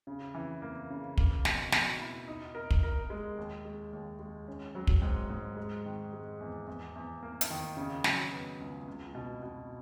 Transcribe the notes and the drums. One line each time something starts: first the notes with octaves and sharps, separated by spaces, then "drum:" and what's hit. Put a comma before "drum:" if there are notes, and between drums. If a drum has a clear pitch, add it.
C#3
E3
A#3
C#3
A#3, drum: kick
B2, drum: snare
B2, drum: snare
E4
D#4
A#4
drum: kick
A#4
G#3
D#2
G#3
D#2
G#3
C#4
F#3
drum: kick
G#2
G#2
G#3
D#3
G#3
E2
E2
E2
A#3
drum: hi-hat
D#3
C#3
F#3, drum: snare
B3
C#2
C#2
B2
B2